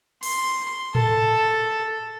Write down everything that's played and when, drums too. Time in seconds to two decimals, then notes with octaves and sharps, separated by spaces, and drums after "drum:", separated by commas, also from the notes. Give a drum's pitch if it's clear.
0.23 C6, drum: open hi-hat
0.95 A4, drum: tom A2